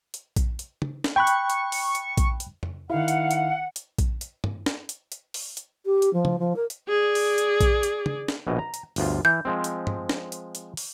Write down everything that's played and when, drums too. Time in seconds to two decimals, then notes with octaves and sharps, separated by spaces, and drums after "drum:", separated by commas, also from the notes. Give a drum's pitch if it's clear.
0.14 drum: hi-hat
0.36 drum: kick A#1, hi-hat
0.59 drum: hi-hat
0.82 drum: tom
1.04 drum: snare
1.16 G5 B5 C#6 F#6
1.27 drum: hi-hat
1.50 drum: hi-hat
1.72 drum: open hi-hat
1.95 drum: hi-hat
2.17 drum: kick A#1, hi-hat
2.40 drum: hi-hat
2.63 drum: tom F2
2.90 D#3 E4 F5 F#5
3.08 drum: hi-hat
3.31 drum: hi-hat
3.76 drum: hi-hat
3.99 drum: kick A#1, hi-hat
4.21 drum: hi-hat
4.44 drum: tom G2
4.66 drum: snare
4.89 drum: hi-hat
5.12 drum: hi-hat
5.34 drum: open hi-hat
5.57 drum: hi-hat
5.86 G4
6.02 drum: hi-hat
6.13 F3
6.25 drum: tom
6.39 F3
6.56 A#4
6.70 drum: hi-hat
6.88 G#4 D5
7.15 drum: open hi-hat
7.38 drum: hi-hat
7.61 drum: kick A#1, hi-hat
7.83 drum: hi-hat
8.06 drum: tom
8.28 drum: snare
8.47 A#1 B2 D#5
8.59 A#5
8.74 drum: hi-hat
8.96 G1 D2 F4, drum: open hi-hat
9.25 E3 G6
9.45 F3 G#3 C4
9.64 drum: hi-hat
9.87 drum: tom G2
10.09 drum: snare
10.32 drum: hi-hat
10.55 drum: hi-hat
10.77 drum: open hi-hat